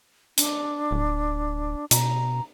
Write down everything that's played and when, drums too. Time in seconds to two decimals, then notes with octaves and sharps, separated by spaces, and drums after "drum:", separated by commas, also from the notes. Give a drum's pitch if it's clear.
0.38 D4, drum: hi-hat
0.91 D1
1.91 B2 A#5, drum: hi-hat